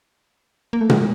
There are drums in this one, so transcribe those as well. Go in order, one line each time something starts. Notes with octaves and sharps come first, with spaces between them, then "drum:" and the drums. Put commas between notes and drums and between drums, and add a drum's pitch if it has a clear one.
A#3
A3
G#3, drum: tom A#2